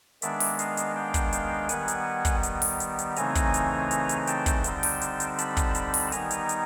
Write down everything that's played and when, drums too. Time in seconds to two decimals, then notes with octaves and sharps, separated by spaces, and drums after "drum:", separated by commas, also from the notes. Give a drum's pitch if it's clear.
0.22 D#3 G#3 B3 D4 D5 E5, drum: hi-hat
0.40 drum: open hi-hat
0.59 D#5 F5, drum: hi-hat
0.77 drum: hi-hat
0.95 F5 G5
1.14 drum: kick, hi-hat
1.33 F5 G5, drum: hi-hat
1.69 D#3 G3 B3 F#5 G#5, drum: hi-hat
1.88 drum: hi-hat
2.25 drum: kick, hi-hat
2.43 drum: hi-hat
2.62 drum: open hi-hat
2.80 drum: hi-hat
2.99 drum: hi-hat
3.16 C#3 E3 A3 C4 D#4 G#5 A#5, drum: hi-hat
3.35 drum: kick, hi-hat
3.54 drum: hi-hat
3.91 drum: hi-hat
4.09 drum: hi-hat
4.27 G5 A5, drum: hi-hat
4.46 drum: kick, hi-hat
4.64 D3 G3 C4 D#4, drum: hi-hat
4.83 drum: open hi-hat
5.01 drum: hi-hat
5.20 drum: hi-hat
5.39 A5 B5, drum: hi-hat
5.57 drum: kick, hi-hat
5.75 A5 B5, drum: hi-hat
5.94 drum: open hi-hat
6.12 D#3 G3 B3 D#4 G#5 A#5, drum: hi-hat
6.31 drum: hi-hat
6.49 drum: hi-hat